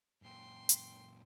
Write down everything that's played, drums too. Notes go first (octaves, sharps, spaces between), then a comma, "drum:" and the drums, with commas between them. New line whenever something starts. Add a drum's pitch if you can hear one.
F#2 A#2 G5 C6
drum: hi-hat